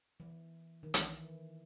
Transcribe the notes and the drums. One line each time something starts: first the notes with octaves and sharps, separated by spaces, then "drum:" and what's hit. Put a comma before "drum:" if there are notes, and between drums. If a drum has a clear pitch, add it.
E3
D#3
E3, drum: hi-hat